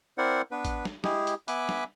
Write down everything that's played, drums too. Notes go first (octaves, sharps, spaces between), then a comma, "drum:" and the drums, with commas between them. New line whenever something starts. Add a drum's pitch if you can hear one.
C4 E4 A#4 C5 D5 F#5
B3 D4 B4
drum: kick, hi-hat
drum: snare
G#3 E4 G4 G#4, drum: snare
drum: hi-hat
B3 E5 G#5 B5 D6 F#6, drum: hi-hat
drum: snare